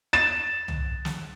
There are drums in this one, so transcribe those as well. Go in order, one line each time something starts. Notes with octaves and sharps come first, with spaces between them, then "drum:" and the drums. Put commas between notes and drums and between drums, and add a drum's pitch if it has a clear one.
A6 E7
drum: tom C2
drum: snare